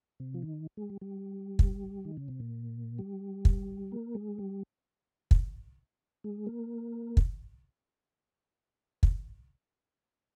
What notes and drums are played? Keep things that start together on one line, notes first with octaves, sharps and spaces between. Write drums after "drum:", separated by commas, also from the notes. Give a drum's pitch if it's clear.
C3
F3
D#3
G#3
G3
G3
drum: kick
D#3
C#3
C3
A#2
G3
drum: kick
A#3
G#3
G3
drum: kick
G#3
A#3
drum: kick
drum: kick